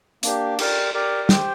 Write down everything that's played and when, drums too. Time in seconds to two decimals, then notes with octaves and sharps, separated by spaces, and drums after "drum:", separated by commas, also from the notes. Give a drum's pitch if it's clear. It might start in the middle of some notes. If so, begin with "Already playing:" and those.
0.23 A#3 D4 G4, drum: hi-hat
0.59 G4 A#4 D5, drum: cymbal
0.94 G4 A#4 D5
1.29 G4 C5 G5, drum: snare